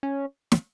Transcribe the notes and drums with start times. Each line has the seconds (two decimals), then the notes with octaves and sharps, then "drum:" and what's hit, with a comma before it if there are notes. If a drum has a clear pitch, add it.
0.03 C#4
0.52 drum: snare